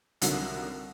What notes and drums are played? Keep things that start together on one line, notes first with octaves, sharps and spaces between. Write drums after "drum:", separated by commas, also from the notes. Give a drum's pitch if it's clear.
C2 D3 D#3 F#3, drum: hi-hat